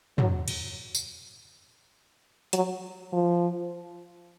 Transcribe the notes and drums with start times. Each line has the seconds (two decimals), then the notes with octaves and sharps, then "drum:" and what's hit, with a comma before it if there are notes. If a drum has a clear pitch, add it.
0.18 F#3, drum: tom
0.48 drum: cymbal
0.95 drum: tambourine
2.53 F#3, drum: hi-hat
3.13 F3